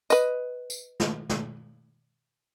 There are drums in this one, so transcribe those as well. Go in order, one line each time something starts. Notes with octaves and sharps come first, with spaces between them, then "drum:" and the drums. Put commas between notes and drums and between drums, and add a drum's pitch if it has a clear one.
B4 D#5, drum: tambourine
drum: tambourine
drum: snare
drum: snare